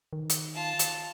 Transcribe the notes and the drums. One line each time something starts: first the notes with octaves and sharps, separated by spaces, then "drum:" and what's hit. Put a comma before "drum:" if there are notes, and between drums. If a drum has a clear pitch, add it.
D#3
drum: hi-hat
F4 A5
drum: hi-hat